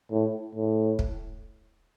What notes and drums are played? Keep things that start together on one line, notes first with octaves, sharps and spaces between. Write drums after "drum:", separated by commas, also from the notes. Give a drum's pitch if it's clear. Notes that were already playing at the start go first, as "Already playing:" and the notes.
A2
A2
drum: kick